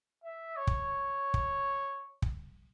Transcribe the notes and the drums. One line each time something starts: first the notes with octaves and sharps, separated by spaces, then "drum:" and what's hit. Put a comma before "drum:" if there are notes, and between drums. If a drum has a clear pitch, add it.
E5
C#5
drum: kick
drum: kick
drum: kick